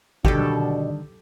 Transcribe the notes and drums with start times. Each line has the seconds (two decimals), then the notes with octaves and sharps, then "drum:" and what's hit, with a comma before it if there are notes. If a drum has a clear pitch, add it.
0.25 B2 D3 D#3 G3 D4 G4 A4, drum: kick
0.39 drum: tom F#3